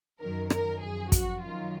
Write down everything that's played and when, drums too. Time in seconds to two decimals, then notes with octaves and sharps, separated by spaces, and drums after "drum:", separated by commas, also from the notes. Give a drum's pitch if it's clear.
0.20 F#2 D#3 F#3 A#4
0.50 A#4, drum: rim click
0.82 F#2 F3 G#4
1.12 F#4, drum: kick, hi-hat
1.42 F#2 D#3 F#3 F4